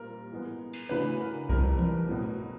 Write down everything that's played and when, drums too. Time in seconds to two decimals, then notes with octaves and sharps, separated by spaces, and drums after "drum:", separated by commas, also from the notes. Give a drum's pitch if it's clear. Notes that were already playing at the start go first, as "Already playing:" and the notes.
Already playing: A#2 G3 C4 A#4
0.30 E3 G#3 B3
0.73 drum: cymbal
0.89 C#3 E3 A3 D4 F#4 B4
1.20 A#4
1.49 F2 C3 E3 G3 A#4, drum: kick C2
1.79 drum: tom E3
2.09 B2 F#3 A3